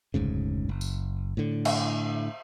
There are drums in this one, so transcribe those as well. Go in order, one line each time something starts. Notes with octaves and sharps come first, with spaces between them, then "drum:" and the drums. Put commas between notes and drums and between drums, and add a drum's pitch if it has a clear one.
F1 D2 G#2 C#3
F#1
drum: tambourine
A2 D3
drum: cymbal